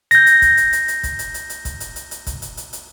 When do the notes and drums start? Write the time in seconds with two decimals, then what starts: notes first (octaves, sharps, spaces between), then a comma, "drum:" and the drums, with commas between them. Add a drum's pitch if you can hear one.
0.11 G6 A#6, drum: hi-hat
0.26 drum: hi-hat
0.42 drum: kick, hi-hat
0.57 drum: hi-hat
0.73 drum: hi-hat
0.88 drum: hi-hat
1.03 drum: kick, hi-hat
1.19 drum: hi-hat
1.34 drum: hi-hat
1.50 drum: hi-hat
1.65 drum: kick, hi-hat
1.80 drum: hi-hat
1.96 drum: hi-hat
2.11 drum: hi-hat
2.27 drum: kick, hi-hat
2.42 drum: hi-hat
2.57 drum: hi-hat
2.73 drum: hi-hat